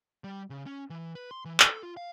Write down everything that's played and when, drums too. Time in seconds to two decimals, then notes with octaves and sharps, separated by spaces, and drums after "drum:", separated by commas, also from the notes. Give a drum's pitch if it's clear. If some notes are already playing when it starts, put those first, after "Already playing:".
0.24 G3
0.50 C#3
0.66 C#4
0.90 E3
1.15 B4
1.31 C6
1.45 E3
1.60 A4, drum: clap
1.83 F4
1.97 F5